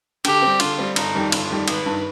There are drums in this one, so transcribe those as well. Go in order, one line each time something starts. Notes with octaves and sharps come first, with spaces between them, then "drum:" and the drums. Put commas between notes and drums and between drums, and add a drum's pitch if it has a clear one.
D3 G4, drum: cymbal
G3 C4
D3 F4, drum: cymbal
G3 C4
G1 D#4, drum: cymbal
F2 D#3 G3
G1 F4, drum: cymbal
F2 D#3 G3
G#1 B4, drum: cymbal
G2 D#3